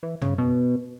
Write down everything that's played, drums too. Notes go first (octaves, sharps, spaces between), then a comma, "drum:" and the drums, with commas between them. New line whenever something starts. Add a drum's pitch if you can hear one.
E3
C#3, drum: tom
B2